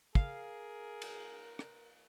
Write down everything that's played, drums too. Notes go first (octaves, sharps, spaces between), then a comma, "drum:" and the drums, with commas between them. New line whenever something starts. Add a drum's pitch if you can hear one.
G#4 A#4 F5, drum: kick
drum: cymbal
drum: rim click